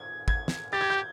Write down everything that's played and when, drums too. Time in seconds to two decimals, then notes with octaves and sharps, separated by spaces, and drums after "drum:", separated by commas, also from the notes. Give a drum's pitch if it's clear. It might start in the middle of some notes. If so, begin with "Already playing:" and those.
Already playing: G#6
0.28 G#6, drum: kick
0.48 drum: snare
0.73 G4 A6
0.81 G#6
0.90 G6